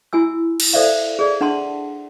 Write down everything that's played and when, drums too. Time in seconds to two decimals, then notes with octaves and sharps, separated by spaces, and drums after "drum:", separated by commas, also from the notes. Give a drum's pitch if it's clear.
0.13 E4 F#4 G#5 E6
0.60 drum: cymbal
0.73 A4 C5 D5 E5 F5
1.19 G#4 D5
1.41 D4 F#5 A5 C6